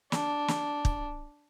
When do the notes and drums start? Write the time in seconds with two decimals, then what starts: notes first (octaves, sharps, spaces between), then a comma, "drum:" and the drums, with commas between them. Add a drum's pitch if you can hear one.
0.12 D4, drum: snare
0.48 drum: snare
0.85 drum: kick